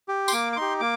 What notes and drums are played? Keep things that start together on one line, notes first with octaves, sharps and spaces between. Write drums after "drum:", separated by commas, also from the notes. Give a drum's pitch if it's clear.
G4
C6, drum: tambourine
A#3 D6
D6
D#4 G4 C6
A#3 D6